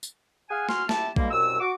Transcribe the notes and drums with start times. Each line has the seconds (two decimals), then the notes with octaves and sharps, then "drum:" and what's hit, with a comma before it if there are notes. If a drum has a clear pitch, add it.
0.03 drum: tambourine
0.50 G#4 F5 F#5 G#5
0.69 F#4 G#5 C6 F6, drum: snare
0.89 E4 G4 E5 A5, drum: snare
1.16 B2 D3 G3 G#3 A#3, drum: kick A#1
1.31 C2 F#2 B2 E6
1.61 F#4 D6